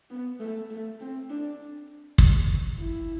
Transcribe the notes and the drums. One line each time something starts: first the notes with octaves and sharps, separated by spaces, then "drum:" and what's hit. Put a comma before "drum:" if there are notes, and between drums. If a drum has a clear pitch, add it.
B3
A3
A3
C4
D4
drum: kick
E4